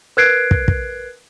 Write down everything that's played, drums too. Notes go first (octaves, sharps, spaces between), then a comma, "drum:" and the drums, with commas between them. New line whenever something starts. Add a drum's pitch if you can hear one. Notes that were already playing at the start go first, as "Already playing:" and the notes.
A#4 B4 F#6 G#6 C7 D7
drum: kick
drum: kick